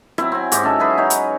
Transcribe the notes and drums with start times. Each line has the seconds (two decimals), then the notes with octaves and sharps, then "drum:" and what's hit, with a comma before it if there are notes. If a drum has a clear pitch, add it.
0.18 F#3 C4 E4, drum: rim click
0.32 C4 G#5
0.52 G#2 F#4 G4, drum: hi-hat
0.63 C#4 A4 E5
0.79 F#3 G#4 B4
0.98 D#4 C#5
1.10 drum: hi-hat